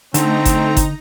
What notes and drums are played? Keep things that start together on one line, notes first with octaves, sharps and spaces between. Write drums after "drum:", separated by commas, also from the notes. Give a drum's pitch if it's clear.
D3 A3 C4 D#4 A#5, drum: hi-hat
drum: kick G1, hi-hat
drum: kick G1, hi-hat